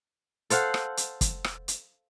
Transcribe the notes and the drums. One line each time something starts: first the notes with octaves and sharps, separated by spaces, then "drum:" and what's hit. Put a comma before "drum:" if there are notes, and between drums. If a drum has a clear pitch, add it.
A4 C5 F5 F#5, drum: hi-hat
drum: rim click
drum: hi-hat
drum: kick, hi-hat
drum: rim click
drum: hi-hat